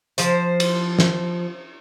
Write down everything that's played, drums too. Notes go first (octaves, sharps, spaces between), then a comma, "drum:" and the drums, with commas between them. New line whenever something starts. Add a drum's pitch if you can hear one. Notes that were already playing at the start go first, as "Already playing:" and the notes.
F3 C5, drum: hi-hat
drum: cymbal
drum: snare